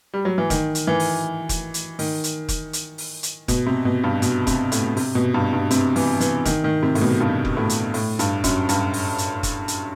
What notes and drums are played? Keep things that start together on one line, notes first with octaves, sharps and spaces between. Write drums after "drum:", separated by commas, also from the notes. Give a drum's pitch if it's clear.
G3
F#3
E3
D#3, drum: kick F1, hi-hat
drum: hi-hat
E3
drum: open hi-hat
drum: kick F1, hi-hat
drum: hi-hat
D#3, drum: open hi-hat
drum: hi-hat
drum: kick F1, hi-hat
drum: hi-hat
drum: open hi-hat
drum: hi-hat
B2, drum: kick F1, hi-hat
C3
B2
G2
B2, drum: hi-hat
C3, drum: kick F1, hi-hat
A2, drum: hi-hat
C3, drum: open hi-hat
B2
G2
G2
C3, drum: hi-hat
E3, drum: open hi-hat
E3, drum: hi-hat
D#3, drum: kick F1, hi-hat
D#3
C3
A2, drum: open hi-hat
B2
G2
drum: kick F1
A2
drum: hi-hat
A2, drum: open hi-hat
G2, drum: hi-hat
F#2, drum: kick F1, hi-hat
G2, drum: hi-hat
drum: open hi-hat
drum: hi-hat
drum: kick F1, hi-hat
drum: hi-hat